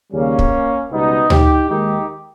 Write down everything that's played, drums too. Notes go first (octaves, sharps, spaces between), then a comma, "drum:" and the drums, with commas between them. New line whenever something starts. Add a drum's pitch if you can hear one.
D#2 C#3 G3 A#3 C#4
drum: kick
C#2 B2 G3 B3 D#4
D#4 G4, drum: tom D2
D#2 D#3 G#3 D#4 G4